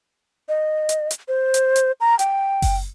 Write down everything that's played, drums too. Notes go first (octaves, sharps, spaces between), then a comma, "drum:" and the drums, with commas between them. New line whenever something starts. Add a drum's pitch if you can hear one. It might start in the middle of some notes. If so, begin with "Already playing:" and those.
D#5
drum: hi-hat
drum: hi-hat
C5
drum: hi-hat
drum: hi-hat
A#5
G5, drum: hi-hat
drum: kick F#1, open hi-hat